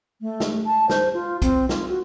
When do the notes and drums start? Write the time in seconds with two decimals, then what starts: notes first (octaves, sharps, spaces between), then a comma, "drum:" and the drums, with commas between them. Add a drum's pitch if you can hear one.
0.21 A3
0.40 drum: snare
0.66 A5
0.90 C5, drum: snare
1.14 F4
1.42 C4, drum: kick, hi-hat
1.69 F4, drum: snare
1.89 F#4